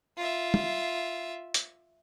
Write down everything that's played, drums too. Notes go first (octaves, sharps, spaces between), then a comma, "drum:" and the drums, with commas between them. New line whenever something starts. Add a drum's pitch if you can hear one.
F4 E5
drum: tom
drum: hi-hat